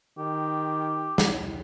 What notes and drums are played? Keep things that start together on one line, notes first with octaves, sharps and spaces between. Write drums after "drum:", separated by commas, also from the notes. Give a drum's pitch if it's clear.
D#3 G4
drum: snare